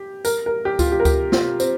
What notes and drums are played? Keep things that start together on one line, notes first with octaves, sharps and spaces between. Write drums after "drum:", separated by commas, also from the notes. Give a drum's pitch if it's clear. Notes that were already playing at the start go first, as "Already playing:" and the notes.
Already playing: G4
A#4, drum: tambourine
A#4
G4
F4, drum: kick C#2, tambourine
G4
A#4
G4, drum: kick C#2, tambourine
F4, drum: snare
C4, drum: tambourine